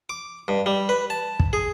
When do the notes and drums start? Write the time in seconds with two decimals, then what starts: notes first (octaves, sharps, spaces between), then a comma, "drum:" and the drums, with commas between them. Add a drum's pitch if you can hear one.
0.09 D6
0.48 G2
0.66 G3
0.89 B4
1.10 A5
1.40 drum: kick
1.53 G#4